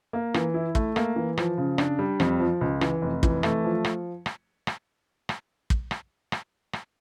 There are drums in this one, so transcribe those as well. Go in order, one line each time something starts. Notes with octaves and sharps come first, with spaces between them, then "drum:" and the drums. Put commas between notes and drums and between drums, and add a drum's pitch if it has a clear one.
A#3
E3, drum: rim click
E4
A3, drum: kick
A#3, drum: rim click
E3
F3, drum: rim click
C#3
D4, drum: rim click
G3
F2, drum: rim click
F3
C#2
E3, drum: rim click
F1
E3, drum: kick
A3, drum: rim click
F3
drum: rim click
drum: rim click
drum: rim click
drum: rim click
drum: kick
drum: rim click
drum: rim click
drum: rim click